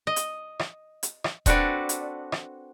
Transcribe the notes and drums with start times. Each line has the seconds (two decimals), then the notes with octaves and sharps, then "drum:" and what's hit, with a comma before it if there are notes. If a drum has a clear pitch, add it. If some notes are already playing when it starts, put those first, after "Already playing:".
0.07 D#5
0.16 drum: hi-hat
0.59 drum: rim click
1.03 drum: hi-hat
1.24 drum: rim click
1.46 C4 D4 F#4 A4 B4 D5, drum: kick D#1, hi-hat
1.89 drum: hi-hat
2.32 drum: rim click